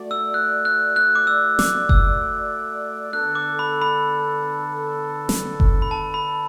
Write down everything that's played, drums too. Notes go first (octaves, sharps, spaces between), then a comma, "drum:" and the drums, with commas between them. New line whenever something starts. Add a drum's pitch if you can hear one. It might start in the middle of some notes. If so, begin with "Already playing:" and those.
Already playing: A3 F#4 D5
E6
F#6
F#6
F#6
D6
E6
D6, drum: snare
E6, drum: kick F#1
D3 B3 D4 A4 F#6
D6
B5
B5
drum: snare
drum: kick F#1
B5
A5
B5